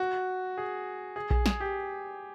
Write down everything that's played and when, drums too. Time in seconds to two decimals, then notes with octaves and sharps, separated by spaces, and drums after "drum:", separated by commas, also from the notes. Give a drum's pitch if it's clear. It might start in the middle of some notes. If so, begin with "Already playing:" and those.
Already playing: F#4
0.58 G#4
1.16 G#4
1.31 G#4, drum: kick A#1
1.46 G#4, drum: snare
1.60 G4